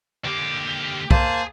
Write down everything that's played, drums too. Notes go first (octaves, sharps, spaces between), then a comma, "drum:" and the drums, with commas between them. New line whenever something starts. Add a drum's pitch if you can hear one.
D3 A#3 G4
A#3 G#4 C5 A5, drum: kick